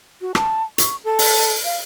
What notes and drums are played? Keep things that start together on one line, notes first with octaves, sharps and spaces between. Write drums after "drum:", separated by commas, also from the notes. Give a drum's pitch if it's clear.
F#4
A5, drum: rim click
C#6, drum: hi-hat
A4
drum: open hi-hat
F5